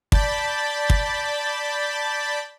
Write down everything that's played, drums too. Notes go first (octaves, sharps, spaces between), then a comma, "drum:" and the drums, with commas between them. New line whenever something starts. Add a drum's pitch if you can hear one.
D5 A5 B5 G6 A6 B6, drum: kick
drum: kick